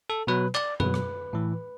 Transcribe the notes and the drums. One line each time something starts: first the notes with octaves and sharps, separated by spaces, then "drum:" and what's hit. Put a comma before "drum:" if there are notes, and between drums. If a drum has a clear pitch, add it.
A4
B2 F#3 B4
D5, drum: clap
B2 F#3 B4, drum: tom F#2
drum: rim click
A2 E3